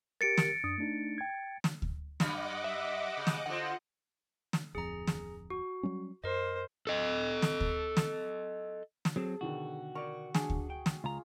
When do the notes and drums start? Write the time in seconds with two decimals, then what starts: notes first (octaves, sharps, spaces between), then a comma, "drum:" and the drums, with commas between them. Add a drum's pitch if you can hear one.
0.21 G4 A#4 A6 C#7 D7
0.37 drum: snare
0.64 F#2 D4 D#6
0.78 A3 D4 D#4
1.18 G5 G#6
1.64 drum: snare
1.82 drum: kick D2
2.20 F#2 G3 D#5 F#5 D6, drum: snare
2.64 E5
3.17 C#3
3.27 drum: snare
3.46 D3 C4 F4 D#5 F#5
4.53 drum: snare
4.75 D1 F2 G#4 A#5
5.07 drum: snare
5.50 F#4
5.83 F#3 G3 C#4
6.24 F#2 A#4 C5 D#5
6.87 A4 D#5
7.42 drum: snare
7.60 drum: kick D2
7.97 drum: snare
9.05 drum: snare
9.16 F#3 C4 G#4 A4
9.41 B2 D3 D#3 F#4
9.95 A#4 D5 C#6
10.34 D4 G#4, drum: snare
10.50 drum: kick D2
10.70 G5
10.86 drum: snare
11.04 C#2 F4 A#5